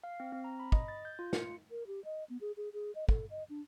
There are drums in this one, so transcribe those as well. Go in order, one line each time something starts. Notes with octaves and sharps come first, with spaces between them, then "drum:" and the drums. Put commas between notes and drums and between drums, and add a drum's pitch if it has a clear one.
F5
C4
C4
A#5
B5
D#5, drum: kick
A6
G6
F4
C#7, drum: snare
A#4
G4
D#5
B3
G#4
G#4
G#4
D#5
A4, drum: kick
D#5
D4